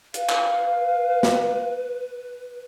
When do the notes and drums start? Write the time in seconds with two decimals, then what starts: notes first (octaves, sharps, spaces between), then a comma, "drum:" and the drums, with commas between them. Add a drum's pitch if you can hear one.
0.14 B4 F5, drum: hi-hat
0.29 drum: clap
1.23 drum: snare